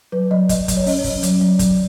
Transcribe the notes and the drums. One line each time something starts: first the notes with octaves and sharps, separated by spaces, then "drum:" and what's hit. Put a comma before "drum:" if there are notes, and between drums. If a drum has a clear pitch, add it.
F#3 B4
F#3 D#5
F#3 D#5, drum: kick, hi-hat
F#3, drum: kick, hi-hat
C#5
C#4 D#5, drum: open hi-hat
C#5
C#4, drum: kick, open hi-hat
F#3, drum: hi-hat
F#3
F#3, drum: kick, hi-hat